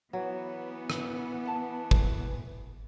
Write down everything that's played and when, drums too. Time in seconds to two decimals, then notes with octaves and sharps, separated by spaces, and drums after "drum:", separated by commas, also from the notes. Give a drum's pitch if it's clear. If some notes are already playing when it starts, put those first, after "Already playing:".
0.13 E3 F#3 B3
0.90 drum: rim click
1.45 F#5 A5
1.91 drum: kick